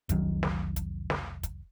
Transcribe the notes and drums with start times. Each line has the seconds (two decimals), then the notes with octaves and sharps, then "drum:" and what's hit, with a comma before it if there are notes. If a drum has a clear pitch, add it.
0.09 F1 C2 D#3 F#3, drum: kick, hi-hat
0.43 drum: snare
0.76 drum: kick, hi-hat
1.10 drum: snare
1.43 drum: kick, hi-hat